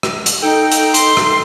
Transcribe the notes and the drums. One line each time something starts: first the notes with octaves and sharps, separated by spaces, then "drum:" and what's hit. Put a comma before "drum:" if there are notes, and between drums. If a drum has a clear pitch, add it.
drum: rim click
drum: hi-hat
D#4 A4 G5
drum: hi-hat
C6, drum: hi-hat
drum: rim click